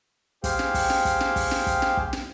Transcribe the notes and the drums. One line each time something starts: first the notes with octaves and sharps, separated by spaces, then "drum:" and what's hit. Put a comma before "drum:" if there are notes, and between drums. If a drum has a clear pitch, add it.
G4 G#4 C5 F5 G5, drum: kick, hi-hat
drum: snare
drum: kick, open hi-hat
drum: snare
drum: kick, hi-hat
drum: snare
drum: kick, open hi-hat
drum: snare
drum: kick, hi-hat
drum: snare
drum: kick
drum: snare